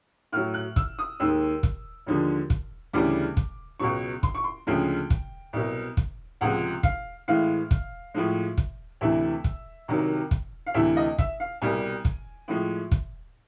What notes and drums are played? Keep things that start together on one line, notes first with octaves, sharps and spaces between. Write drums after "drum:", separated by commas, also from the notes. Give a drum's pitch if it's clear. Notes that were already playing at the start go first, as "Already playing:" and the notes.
A2 F#3 F6
F#6
E6, drum: kick
D#6
D#2 D#3 G#3 E6
drum: kick
D#2 D3 F3 G#3
drum: kick
D2 C#3 E3 G3 D6
drum: kick
C#2 B2 F#3 C#6
C6, drum: kick
C#6
C6
D2 C#3 F3 G#3 G5
drum: kick
C2 B2 F#3
drum: kick
C#2 C3 F3 G#3 F#5
F5, drum: kick
A2 E3 G#3 F5
drum: kick
A2 F3 G#3
drum: kick
D2 C3 E3 E5
drum: kick
C2 C3 D#3 F#3
drum: kick
F5
D2 C3 E3 E5
D#5
E5, drum: kick
F5
C2 B2 G3 G#5
drum: kick
A2 F3 G#3
drum: kick